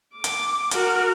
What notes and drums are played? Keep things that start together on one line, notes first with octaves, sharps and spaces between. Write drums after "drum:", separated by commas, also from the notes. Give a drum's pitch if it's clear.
D6
drum: hi-hat
F#4 A#4, drum: hi-hat